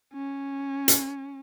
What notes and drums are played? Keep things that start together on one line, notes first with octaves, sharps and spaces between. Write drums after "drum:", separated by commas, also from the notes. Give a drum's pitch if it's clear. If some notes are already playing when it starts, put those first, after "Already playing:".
C#4
drum: hi-hat